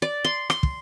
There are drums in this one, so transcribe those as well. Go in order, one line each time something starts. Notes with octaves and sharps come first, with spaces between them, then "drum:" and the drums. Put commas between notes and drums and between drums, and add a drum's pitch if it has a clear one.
D5
C6
C6, drum: rim click
drum: kick